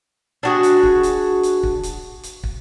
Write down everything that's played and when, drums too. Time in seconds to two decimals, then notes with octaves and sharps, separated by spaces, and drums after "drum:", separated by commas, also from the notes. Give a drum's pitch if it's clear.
0.43 D4 F#4 G#4
0.63 drum: hi-hat
0.83 drum: kick
1.03 drum: hi-hat
1.43 drum: hi-hat
1.63 drum: kick
1.83 drum: hi-hat
2.23 drum: hi-hat
2.43 drum: kick